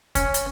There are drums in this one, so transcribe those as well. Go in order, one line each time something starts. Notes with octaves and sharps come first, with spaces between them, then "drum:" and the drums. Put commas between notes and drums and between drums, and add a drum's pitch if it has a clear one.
C#4, drum: kick, hi-hat
drum: hi-hat